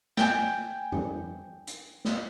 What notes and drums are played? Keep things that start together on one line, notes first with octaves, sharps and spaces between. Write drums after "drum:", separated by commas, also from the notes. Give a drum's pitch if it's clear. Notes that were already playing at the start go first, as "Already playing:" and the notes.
G5 G#5, drum: snare
drum: tom
drum: hi-hat
drum: snare